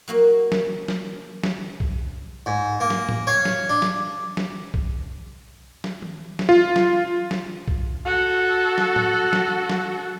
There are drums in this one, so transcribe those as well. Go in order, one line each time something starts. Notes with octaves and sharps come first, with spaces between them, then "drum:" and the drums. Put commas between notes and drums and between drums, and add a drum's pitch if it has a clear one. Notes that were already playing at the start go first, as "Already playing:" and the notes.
F#3 A#3 F#4
drum: snare
drum: snare
drum: snare
drum: kick B1
G#2
A#3
drum: snare
drum: tom A2
C#5 F5
drum: snare
D4
drum: snare
drum: snare
drum: kick B1
drum: snare
drum: tom D#3
drum: snare
F4
drum: snare
drum: snare
drum: kick B1
F#4 A4
drum: snare
drum: tom
drum: snare
drum: snare